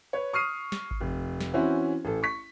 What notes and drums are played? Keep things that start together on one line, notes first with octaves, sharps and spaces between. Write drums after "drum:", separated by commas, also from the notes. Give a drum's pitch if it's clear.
B4 C#5
C#6 D#6 F6 C7 D#7
drum: snare
drum: kick G#1
F1
drum: snare
E3 C4 C#4 E4 F#4 C5
A1 A4
C#6 B6